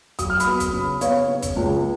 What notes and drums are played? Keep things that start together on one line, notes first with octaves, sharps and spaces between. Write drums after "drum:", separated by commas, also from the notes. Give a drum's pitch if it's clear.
F#3 D#6, drum: kick, hi-hat
F6
B5 D#6, drum: hi-hat
B3
drum: kick, hi-hat
C#3
B3 C#5 F5, drum: hi-hat
C#3
drum: kick, hi-hat
C#2